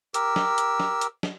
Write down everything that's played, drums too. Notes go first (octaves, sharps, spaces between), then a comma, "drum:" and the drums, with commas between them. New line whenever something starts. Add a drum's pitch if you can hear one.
G4 A#4 E6, drum: hi-hat
drum: snare
drum: hi-hat
drum: snare
drum: hi-hat
drum: snare